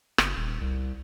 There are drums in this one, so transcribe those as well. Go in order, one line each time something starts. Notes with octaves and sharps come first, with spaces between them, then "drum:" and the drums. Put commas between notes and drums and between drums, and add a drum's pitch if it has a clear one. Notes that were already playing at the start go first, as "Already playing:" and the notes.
F#1, drum: rim click
D#1
C2